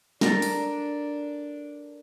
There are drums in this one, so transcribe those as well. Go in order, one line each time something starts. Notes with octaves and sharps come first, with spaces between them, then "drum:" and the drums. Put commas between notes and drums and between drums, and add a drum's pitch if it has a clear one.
D4 A4 A#4, drum: snare
drum: open hi-hat